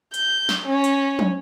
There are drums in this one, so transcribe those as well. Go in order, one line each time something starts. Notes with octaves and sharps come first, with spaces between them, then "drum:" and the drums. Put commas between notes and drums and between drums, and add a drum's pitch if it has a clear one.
G6, drum: hi-hat
drum: snare
C#4
drum: hi-hat
drum: tom